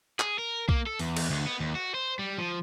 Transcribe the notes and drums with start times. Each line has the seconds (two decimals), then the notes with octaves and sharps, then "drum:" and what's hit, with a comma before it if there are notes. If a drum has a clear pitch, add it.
0.20 G#4, drum: clap
0.39 A#4
0.69 A#3, drum: kick B1
0.87 A4
0.99 E2, drum: open hi-hat
1.17 drum: cymbal
1.30 D2
1.47 B3
1.60 D#2
1.75 F#4
1.94 C5
2.19 G3
2.38 F3